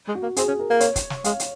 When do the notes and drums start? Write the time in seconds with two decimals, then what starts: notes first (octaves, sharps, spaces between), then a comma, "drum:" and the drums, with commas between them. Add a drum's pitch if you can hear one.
0.08 G#3
0.15 F#4
0.22 A#3
0.36 C4 G#4, drum: hi-hat
0.48 C#4
0.59 A#4
0.70 A#3
0.80 C#5, drum: hi-hat
0.96 drum: kick, hi-hat
1.10 drum: snare
1.24 G#3 F5, drum: hi-hat
1.40 drum: hi-hat